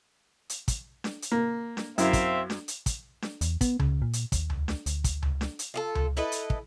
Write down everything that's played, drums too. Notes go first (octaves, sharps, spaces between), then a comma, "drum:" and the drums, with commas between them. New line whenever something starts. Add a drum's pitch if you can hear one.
drum: hi-hat
drum: kick, hi-hat
drum: snare D4
drum: hi-hat
A#3
drum: snare D4
F#2 C4 E4 E5 F5, drum: hi-hat
drum: kick, hi-hat
drum: snare D4
drum: hi-hat
drum: kick, hi-hat
drum: snare D4
E2, drum: hi-hat
B3, drum: kick, hi-hat
C#3, drum: tom C#2
A#2
drum: hi-hat
D#2, drum: kick, hi-hat
drum: tom C#2
drum: snare D4
D2, drum: hi-hat
drum: kick, hi-hat
drum: tom C#2
drum: snare D4
drum: hi-hat
F4 G#4 A4
drum: tom C#2
E4 A4 B4 D#5
drum: hi-hat
drum: kick